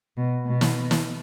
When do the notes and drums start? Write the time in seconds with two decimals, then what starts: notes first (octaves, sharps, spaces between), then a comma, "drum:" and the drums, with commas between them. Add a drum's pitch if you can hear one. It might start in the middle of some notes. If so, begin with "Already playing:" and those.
0.17 B2
0.46 B2
0.61 drum: snare
0.91 drum: snare